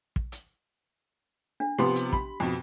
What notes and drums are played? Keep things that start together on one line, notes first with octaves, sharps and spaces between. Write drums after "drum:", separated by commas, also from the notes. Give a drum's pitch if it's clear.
drum: kick
drum: hi-hat
D4
C3 F3 B3 G4 C6
drum: hi-hat
B5, drum: kick
F2 B2